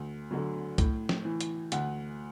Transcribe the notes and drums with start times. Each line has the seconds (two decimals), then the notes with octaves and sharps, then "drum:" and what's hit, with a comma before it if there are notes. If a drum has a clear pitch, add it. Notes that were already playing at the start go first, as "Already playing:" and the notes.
Already playing: D2
0.31 D3 F#3
0.78 A2, drum: kick, hi-hat
1.09 drum: snare
1.25 E3
1.41 drum: hi-hat
1.72 D2 F#5, drum: hi-hat